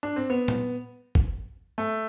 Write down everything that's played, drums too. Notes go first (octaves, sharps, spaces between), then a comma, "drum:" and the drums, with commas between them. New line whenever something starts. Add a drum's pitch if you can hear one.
D4
C4
B3
drum: tom A#2
drum: kick G1
A3